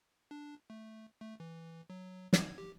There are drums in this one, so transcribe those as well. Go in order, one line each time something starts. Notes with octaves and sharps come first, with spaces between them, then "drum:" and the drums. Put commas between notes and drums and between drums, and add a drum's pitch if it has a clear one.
D4
A3
A3
E3
F#3
G#6, drum: snare
G4